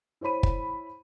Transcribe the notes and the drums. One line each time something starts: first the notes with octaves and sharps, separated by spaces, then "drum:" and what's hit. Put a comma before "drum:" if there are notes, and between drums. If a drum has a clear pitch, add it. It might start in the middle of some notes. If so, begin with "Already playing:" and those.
E4 C5 C#5 B5 D#7
drum: kick